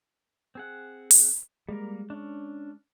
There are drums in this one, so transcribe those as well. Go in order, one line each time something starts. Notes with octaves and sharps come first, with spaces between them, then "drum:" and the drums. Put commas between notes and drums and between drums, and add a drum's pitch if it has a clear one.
C4 G#4 F#5
drum: open hi-hat
G3 G#3 A#3 A#4
C#4 D4